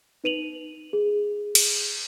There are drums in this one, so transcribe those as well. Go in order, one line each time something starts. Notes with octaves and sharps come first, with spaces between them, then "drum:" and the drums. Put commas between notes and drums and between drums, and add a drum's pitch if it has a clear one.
D#4 B4 D#7 F7 F#7
G#4
drum: cymbal